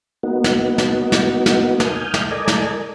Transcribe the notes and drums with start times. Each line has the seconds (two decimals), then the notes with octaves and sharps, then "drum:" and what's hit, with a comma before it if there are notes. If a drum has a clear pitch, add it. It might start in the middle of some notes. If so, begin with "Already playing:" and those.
0.23 A#3 B3 D#4 F#4
0.44 drum: snare
0.78 drum: snare
1.12 drum: snare
1.46 drum: snare
1.80 G#5 D#6 F6 G6, drum: snare
2.14 drum: snare
2.31 A4 A#4 D5 D#5 G#5
2.48 drum: snare